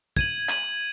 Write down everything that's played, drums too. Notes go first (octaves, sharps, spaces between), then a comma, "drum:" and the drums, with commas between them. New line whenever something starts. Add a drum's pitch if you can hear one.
G#6 D#7 F#7, drum: kick
G#6 D#7 F#7, drum: clap